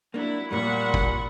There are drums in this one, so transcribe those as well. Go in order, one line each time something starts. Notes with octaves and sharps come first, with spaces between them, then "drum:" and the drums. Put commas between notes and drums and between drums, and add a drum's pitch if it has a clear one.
F#3 A#3 D4 E4
A#2 G3 A#3 F#5 B5 C#6
drum: kick